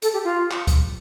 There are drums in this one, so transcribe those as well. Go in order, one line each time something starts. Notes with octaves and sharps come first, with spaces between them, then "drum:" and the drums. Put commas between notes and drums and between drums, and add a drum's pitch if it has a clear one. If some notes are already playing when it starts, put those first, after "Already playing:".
A4, drum: hi-hat
G4
F4
drum: clap
drum: kick C#2, hi-hat